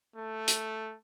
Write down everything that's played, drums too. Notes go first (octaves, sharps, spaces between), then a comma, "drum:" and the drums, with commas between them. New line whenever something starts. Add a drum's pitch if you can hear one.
A3
drum: hi-hat